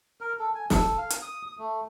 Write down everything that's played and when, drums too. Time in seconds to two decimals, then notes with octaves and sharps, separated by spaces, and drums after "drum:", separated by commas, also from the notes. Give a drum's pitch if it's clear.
0.21 A#4
0.39 A4
0.55 G#5
0.70 A4, drum: snare
0.98 F5
1.10 drum: hi-hat
1.22 D#6
1.47 D#6
1.58 A3